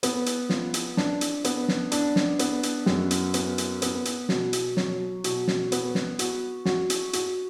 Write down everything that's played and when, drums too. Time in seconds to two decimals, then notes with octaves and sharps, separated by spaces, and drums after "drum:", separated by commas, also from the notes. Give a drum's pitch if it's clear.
0.03 B3, drum: hi-hat
0.26 drum: hi-hat
0.50 F3, drum: snare
0.74 drum: hi-hat
0.97 D4, drum: snare
1.21 drum: hi-hat
1.44 B3, drum: hi-hat
1.68 drum: snare
1.92 D4, drum: hi-hat
2.16 drum: snare
2.39 B3, drum: hi-hat
2.63 drum: hi-hat
2.86 F#2, drum: snare
3.11 drum: hi-hat
3.34 B3, drum: hi-hat
3.58 drum: hi-hat
3.82 B3, drum: hi-hat
4.05 drum: hi-hat
4.29 B2, drum: snare
4.53 drum: hi-hat
4.77 F#3, drum: snare
5.24 B2, drum: hi-hat
5.48 drum: snare
5.72 B3, drum: hi-hat
5.95 drum: snare
6.19 F#4, drum: hi-hat
6.65 F#4, drum: snare
6.90 drum: hi-hat
7.13 F#4, drum: hi-hat